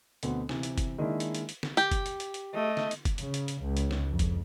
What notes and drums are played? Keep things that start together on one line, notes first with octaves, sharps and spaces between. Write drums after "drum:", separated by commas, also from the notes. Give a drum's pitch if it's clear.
D2 B2 B3 C4, drum: hi-hat
C3 E3, drum: snare
drum: hi-hat
drum: kick F#1, hi-hat
D#3 G#3 A#3 D4 E4
drum: hi-hat
drum: hi-hat
drum: hi-hat
drum: snare
G4, drum: hi-hat
drum: kick F#1, hi-hat
drum: hi-hat
drum: hi-hat
drum: hi-hat
A3 D#5
drum: snare
drum: hi-hat
drum: kick F#1, hi-hat
C#3, drum: hi-hat
drum: hi-hat
drum: hi-hat
C#2
drum: hi-hat
drum: snare
F2
drum: kick F#1, hi-hat